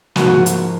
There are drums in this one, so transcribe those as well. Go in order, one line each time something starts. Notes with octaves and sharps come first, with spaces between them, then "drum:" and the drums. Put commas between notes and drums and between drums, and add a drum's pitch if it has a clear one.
G#2 F3 A#3 D#4 F#4, drum: snare
F#4
drum: hi-hat